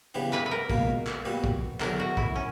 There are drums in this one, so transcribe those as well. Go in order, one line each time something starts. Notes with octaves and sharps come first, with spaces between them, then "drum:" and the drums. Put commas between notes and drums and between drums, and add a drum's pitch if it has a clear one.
C#3 E3 B3 D4 G4
B4, drum: clap
B4
A#4
C#2 B2 A#3, drum: kick
drum: clap
A#2 G3 B3 F#4
drum: kick
E2 D3 F#3 A#4, drum: clap
F#4
E4, drum: kick
C#4